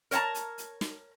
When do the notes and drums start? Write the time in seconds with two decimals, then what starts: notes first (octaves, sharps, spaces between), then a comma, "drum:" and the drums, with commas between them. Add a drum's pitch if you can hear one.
0.11 A#4 C#5 F#5 A5 A#5, drum: hi-hat
0.35 drum: hi-hat
0.58 drum: hi-hat
0.81 drum: snare